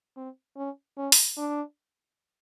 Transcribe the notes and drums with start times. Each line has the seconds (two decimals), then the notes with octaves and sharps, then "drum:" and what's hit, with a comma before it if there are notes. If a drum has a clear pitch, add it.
0.17 C4
0.56 C#4
0.97 C#4
1.12 drum: open hi-hat
1.37 D4